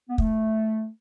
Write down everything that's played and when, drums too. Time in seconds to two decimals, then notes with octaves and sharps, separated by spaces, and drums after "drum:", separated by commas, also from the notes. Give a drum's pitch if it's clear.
0.08 B3
0.18 A3, drum: kick